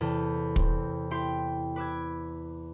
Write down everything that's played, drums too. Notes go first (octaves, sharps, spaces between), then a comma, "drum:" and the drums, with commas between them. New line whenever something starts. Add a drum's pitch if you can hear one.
E2 C3 A4
C4, drum: kick
E4 G4 G5 C6
B4 D6 E6 G#6